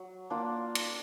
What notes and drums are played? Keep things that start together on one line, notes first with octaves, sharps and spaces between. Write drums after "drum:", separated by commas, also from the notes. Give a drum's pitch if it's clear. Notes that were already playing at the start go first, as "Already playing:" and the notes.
Already playing: F#3
A#3 D4 F4
drum: cymbal